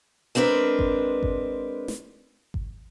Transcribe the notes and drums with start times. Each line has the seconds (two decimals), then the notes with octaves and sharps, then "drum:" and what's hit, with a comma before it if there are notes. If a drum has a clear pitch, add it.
0.35 G#3 C4 D4 A#4 B4
0.79 drum: kick G#1
1.23 drum: kick G#1
1.88 drum: snare
2.54 drum: kick G#1